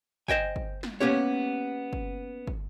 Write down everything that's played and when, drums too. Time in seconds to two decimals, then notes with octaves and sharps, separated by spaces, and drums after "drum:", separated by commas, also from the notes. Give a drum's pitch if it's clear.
0.28 C5 D#5 G5 G#5, drum: kick
0.56 drum: kick
0.83 drum: snare
1.00 A#3 B3 C#4 G4 C#5
1.93 drum: kick
2.47 drum: kick